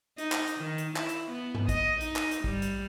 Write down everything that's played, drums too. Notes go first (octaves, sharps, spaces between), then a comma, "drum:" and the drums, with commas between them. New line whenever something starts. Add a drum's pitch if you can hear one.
D#4, drum: hi-hat
drum: clap
drum: hi-hat
D#3
drum: hi-hat
E4, drum: clap
drum: hi-hat
B3
drum: tom G2
D#5, drum: kick A1, hi-hat
D#4, drum: hi-hat
drum: clap
drum: hi-hat
G3, drum: kick A1
drum: hi-hat